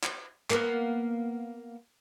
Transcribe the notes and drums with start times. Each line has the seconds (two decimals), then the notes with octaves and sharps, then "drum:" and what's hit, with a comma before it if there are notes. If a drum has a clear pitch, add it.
0.03 drum: clap
0.50 A#3 B3, drum: clap